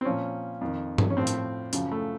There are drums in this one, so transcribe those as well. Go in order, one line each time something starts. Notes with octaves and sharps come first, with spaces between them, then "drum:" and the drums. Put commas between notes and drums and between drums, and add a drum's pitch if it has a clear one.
C4
A#2 F3 C#4
F2 D#3
drum: tom G2
C#4
A2 F3 C4
drum: hi-hat
F#2 C#3 F3, drum: hi-hat
A3